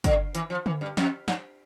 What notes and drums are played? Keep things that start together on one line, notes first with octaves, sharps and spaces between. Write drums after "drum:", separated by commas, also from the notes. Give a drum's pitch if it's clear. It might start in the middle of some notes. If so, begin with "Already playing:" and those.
D3, drum: kick, hi-hat
E3, drum: hi-hat
F3
E3, drum: tom D3
G2
F2, drum: snare
G2, drum: snare